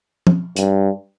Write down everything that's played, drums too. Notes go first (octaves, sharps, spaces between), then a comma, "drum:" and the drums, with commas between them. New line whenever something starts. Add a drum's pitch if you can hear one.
drum: tom F3
G2, drum: hi-hat